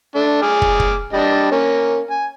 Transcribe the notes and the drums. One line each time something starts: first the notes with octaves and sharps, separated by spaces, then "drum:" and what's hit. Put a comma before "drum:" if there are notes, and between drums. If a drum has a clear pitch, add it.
A3 D4
G#4 D6 F6
drum: kick
drum: kick
G3 D4 D#5
A#3 C#4
G#5